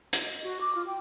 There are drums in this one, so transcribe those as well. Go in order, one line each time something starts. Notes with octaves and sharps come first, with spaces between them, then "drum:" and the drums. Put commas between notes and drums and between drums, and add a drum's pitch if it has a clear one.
drum: hi-hat
D#5
F#4
D6
F4
G5